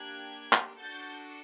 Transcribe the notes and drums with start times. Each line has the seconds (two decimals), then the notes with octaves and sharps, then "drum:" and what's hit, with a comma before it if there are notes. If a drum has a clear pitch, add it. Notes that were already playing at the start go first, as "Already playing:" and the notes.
Already playing: A#3 D4 G4 F#6 G#6
0.53 drum: clap
0.78 D4 F#4 A4 G6 A6